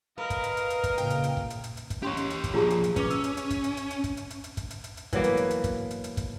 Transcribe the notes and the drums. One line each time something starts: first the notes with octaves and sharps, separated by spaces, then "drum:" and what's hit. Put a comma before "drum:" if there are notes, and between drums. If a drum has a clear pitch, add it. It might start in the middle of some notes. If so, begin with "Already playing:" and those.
A#4 B4 D#5 F5
drum: kick, hi-hat
drum: hi-hat
drum: hi-hat
drum: hi-hat
drum: kick, hi-hat
A#2 C#3 G5, drum: hi-hat
drum: hi-hat
drum: hi-hat
drum: kick
drum: hi-hat
drum: hi-hat
drum: hi-hat
drum: kick, hi-hat
C#4 G4 C#5 C6 C#6
drum: hi-hat
drum: hi-hat
drum: kick, hi-hat
A#2 F3 F4 G#4 A#5
drum: hi-hat
drum: hi-hat
C#4 B4 D6, drum: kick, hi-hat
E6, drum: hi-hat
drum: hi-hat
drum: hi-hat
drum: kick, hi-hat
drum: hi-hat
drum: hi-hat
drum: hi-hat
drum: kick, hi-hat
drum: hi-hat
drum: hi-hat
drum: hi-hat
drum: kick, hi-hat
drum: hi-hat
drum: hi-hat
drum: hi-hat
E3 F#3 A#3 B3, drum: kick, hi-hat
drum: hi-hat
drum: hi-hat
drum: hi-hat
drum: kick, hi-hat
drum: hi-hat
drum: hi-hat
drum: kick, hi-hat